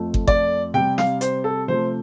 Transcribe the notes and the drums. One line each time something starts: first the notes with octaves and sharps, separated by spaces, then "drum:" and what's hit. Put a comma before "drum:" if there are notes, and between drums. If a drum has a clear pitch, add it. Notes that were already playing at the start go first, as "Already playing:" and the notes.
Already playing: F2 F3 A3
drum: kick
D5, drum: kick
C3 G3 G5
F5, drum: snare
C5, drum: hi-hat
A4
C3 F3 A3 C5